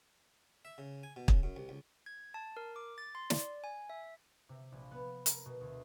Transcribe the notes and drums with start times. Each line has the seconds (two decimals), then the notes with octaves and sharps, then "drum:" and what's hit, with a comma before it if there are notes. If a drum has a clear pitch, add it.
0.65 E5
0.78 C#3
1.03 G#5
1.16 B2
1.28 C#3, drum: kick
1.43 F#2
1.56 C2
1.69 C#2
2.06 G#6
2.34 A5
2.57 A#4
2.76 D6
2.98 A6
3.15 C6
3.30 D5, drum: snare
3.64 G#5
3.90 E5
4.49 C3
4.72 A#1
4.91 B3
5.26 A#4, drum: hi-hat
5.46 B2
5.61 D2